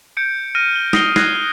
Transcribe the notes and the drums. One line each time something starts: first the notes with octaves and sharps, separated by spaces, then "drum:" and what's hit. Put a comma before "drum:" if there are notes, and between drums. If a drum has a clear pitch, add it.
G6 C#7 D7
F6 A#6 D7 D#7
G7
D#6 A#6 C7 C#7 G7, drum: snare
F#6 G#6 A#6 C7 D#7, drum: snare